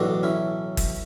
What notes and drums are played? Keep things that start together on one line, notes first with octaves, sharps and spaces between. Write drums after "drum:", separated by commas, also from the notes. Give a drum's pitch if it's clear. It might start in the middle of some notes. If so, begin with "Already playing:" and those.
Already playing: B1 A2 E3 A3 D4 F#4
C#4 E4
drum: kick G1, open hi-hat